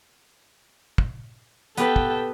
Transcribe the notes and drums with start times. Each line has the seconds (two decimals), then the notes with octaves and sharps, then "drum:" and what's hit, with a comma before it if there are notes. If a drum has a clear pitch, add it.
0.98 drum: kick
1.77 B3 G4 A4 B4 G5, drum: hi-hat
1.96 drum: kick